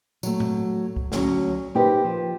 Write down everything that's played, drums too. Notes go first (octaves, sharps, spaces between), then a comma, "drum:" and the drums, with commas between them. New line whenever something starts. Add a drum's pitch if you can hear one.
F#3 A3, drum: tambourine
drum: tom A2
drum: kick C#2
D2 F#3 C#4 F#4, drum: snare
C4 D#4 G4 A#4 B4
F3